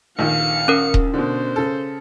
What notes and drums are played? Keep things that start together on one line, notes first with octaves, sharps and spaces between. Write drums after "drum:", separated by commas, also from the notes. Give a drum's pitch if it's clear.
A#1 D#3 F5 C#7
C#4 A#4
drum: kick D#1
B2 D3 C5
C#3 A4